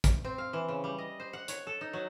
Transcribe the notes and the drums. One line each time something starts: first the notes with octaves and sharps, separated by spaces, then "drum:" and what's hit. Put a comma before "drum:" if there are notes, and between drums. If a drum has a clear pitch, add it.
drum: kick, hi-hat
C4
F5
E3
C#3
G3
D#5
C5
F#5
C#5, drum: hi-hat
A4
D#4
F#3